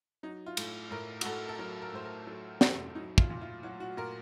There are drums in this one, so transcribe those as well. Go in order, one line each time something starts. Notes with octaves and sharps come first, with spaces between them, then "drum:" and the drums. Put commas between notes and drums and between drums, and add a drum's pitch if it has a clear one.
F#3 D#4
F4
A2, drum: cymbal
A2 A#4
F#4, drum: cymbal
A2 A4
A4
F#3 A#4
A#4
A2 C5
A#4
F#3 A4
A2 F#4, drum: snare
F#3 D#4
F4, drum: kick
A#2
F4
F#3 F#4
F#4
A#2 A#4